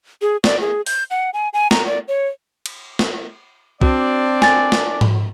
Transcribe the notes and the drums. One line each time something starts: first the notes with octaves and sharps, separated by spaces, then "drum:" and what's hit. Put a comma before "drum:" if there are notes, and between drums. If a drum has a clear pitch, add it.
G#4
D5, drum: snare
G#4
G6, drum: open hi-hat
F#5
G#5
G#5
A#5, drum: snare
D5
C#5
drum: cymbal
drum: snare
C4 D4 F#4 D5, drum: kick
G#5 A6, drum: snare
drum: snare
drum: tom G#2